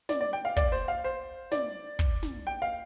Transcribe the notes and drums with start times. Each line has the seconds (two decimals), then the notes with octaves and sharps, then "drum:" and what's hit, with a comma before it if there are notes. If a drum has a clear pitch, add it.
0.09 D5, drum: snare
0.21 D5
0.33 G5
0.45 F5
0.56 D5, drum: kick
0.72 C5
0.88 F5
1.04 C5
1.52 D5, drum: snare
1.99 drum: kick
2.23 drum: snare
2.47 G5
2.62 F5